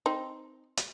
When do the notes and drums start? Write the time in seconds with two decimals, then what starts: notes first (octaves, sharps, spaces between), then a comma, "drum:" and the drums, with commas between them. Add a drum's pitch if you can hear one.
0.06 C4 D#4
0.77 drum: hi-hat